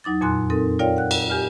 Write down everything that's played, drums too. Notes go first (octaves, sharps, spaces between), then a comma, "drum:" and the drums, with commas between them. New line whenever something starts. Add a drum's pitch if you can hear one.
E2 F#3 D#4 D6 A6
F2 A#2 G#5 C6 F#6
C4 D#4 A4 A#4
F4 A#4 C#5 D5 F5 G5
F#5 F#6
drum: cymbal
G4 G#5 F6